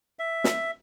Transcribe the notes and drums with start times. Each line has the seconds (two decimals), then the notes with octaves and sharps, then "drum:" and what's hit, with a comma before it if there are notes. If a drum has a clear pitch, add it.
0.19 E5
0.44 drum: snare